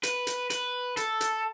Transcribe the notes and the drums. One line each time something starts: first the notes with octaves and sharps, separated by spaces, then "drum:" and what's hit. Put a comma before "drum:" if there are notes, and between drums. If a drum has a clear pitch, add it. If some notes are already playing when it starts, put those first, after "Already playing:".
B4, drum: hi-hat
drum: hi-hat
B4, drum: hi-hat
A4, drum: hi-hat
drum: hi-hat